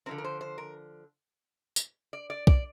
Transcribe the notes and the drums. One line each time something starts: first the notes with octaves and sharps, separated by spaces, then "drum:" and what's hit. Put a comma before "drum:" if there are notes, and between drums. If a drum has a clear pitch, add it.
D3 F3 C4 A#4
A#4
C5
C5
A#4
drum: tambourine
D5
D5
D5, drum: kick